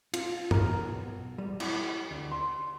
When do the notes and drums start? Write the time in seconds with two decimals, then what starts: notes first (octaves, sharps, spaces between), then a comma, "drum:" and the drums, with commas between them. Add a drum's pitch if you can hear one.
0.14 F4, drum: cymbal
0.51 A#4, drum: tom
0.80 B1
1.38 G3
1.60 E4, drum: cymbal
2.11 D2
2.31 C6